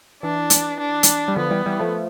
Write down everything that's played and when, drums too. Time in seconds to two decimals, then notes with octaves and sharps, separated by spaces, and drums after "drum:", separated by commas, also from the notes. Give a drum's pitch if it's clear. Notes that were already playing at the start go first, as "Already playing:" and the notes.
0.22 E3 D4
0.50 drum: hi-hat
0.80 D4
1.03 drum: hi-hat
1.28 G3
1.36 D3 F3 B3
1.51 E3 G3
1.66 E3 G3
1.80 F3 A3